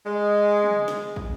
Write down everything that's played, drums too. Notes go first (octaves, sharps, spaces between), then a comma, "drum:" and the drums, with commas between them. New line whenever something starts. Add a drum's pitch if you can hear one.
G#3
drum: tom
drum: snare
drum: kick